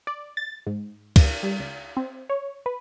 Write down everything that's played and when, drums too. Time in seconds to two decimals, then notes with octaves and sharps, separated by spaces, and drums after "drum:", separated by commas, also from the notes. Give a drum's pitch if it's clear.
0.07 D5
0.37 A6
0.67 G#2
1.16 drum: kick, cymbal
1.43 G3
1.59 C#2
1.97 C4
2.29 C#5
2.66 B4